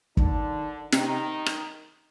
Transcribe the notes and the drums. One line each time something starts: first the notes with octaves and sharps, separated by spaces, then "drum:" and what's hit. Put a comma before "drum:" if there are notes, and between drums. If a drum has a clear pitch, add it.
D3 D#3 D4, drum: kick
C3 D#3 D#4, drum: snare
drum: rim click